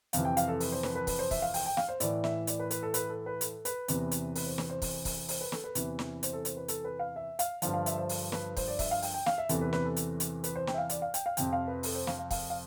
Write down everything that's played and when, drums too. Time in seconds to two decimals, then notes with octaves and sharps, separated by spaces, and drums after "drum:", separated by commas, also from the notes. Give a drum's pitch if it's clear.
0.13 F2 C3 E3 F5, drum: hi-hat
0.25 G5
0.37 F5, drum: hi-hat
0.48 A4
0.60 B4, drum: open hi-hat
0.72 C5
0.83 B4, drum: snare
0.95 B4
1.07 B4, drum: kick, open hi-hat
1.19 C5
1.31 E5, drum: kick, open hi-hat
1.42 F5
1.54 G5, drum: open hi-hat
1.66 G5
1.77 F5, drum: snare
1.89 C5
2.00 A2 E3 D5, drum: hi-hat
2.24 E5, drum: snare
2.47 D5, drum: hi-hat
2.59 B4
2.71 B4, drum: hi-hat
2.83 A4
2.94 B4, drum: hi-hat
3.09 A4
3.26 B4
3.41 A4, drum: hi-hat
3.65 B4, drum: hi-hat
3.88 E2 C3 E3, drum: hi-hat
4.11 drum: hi-hat
4.35 B4, drum: open hi-hat
4.46 C5
4.58 B4, drum: snare
4.70 C5
4.82 drum: kick, open hi-hat
5.05 drum: kick, open hi-hat
5.28 C5, drum: open hi-hat
5.41 B4
5.52 A4, drum: snare
5.64 B4
5.75 E2 C3 E3, drum: hi-hat
5.99 drum: snare
6.23 C5, drum: hi-hat
6.33 A4
6.45 C5, drum: hi-hat
6.57 B4
6.68 A4, drum: hi-hat
6.85 B4
6.99 F5
7.16 E5
7.39 F5, drum: hi-hat
7.62 G2 D3 F3 F5, drum: hi-hat
7.74 F5
7.86 E5, drum: hi-hat
7.98 C5
8.09 drum: open hi-hat
8.32 B4, drum: snare
8.57 C5, drum: kick, open hi-hat
8.68 D5
8.79 E5, drum: kick, open hi-hat
8.91 F5
9.02 G5, drum: open hi-hat
9.14 G5
9.26 F5, drum: snare
9.38 E5
9.49 E2 C3 E3 A4, drum: hi-hat
9.61 B4
9.73 B4, drum: snare
9.85 A4
9.96 drum: hi-hat
10.20 drum: hi-hat
10.44 B4, drum: hi-hat
10.56 C5
10.67 G5, drum: snare
10.74 E5
10.78 F5
10.90 D5, drum: hi-hat
11.02 F5
11.14 G5, drum: hi-hat
11.26 F5
11.37 F2 C3 F3 G5, drum: hi-hat
11.53 F5
11.68 B4
11.83 A4, drum: open hi-hat
11.95 C5
12.07 F5, drum: snare
12.19 F5
12.31 F5, drum: kick, open hi-hat
12.50 F5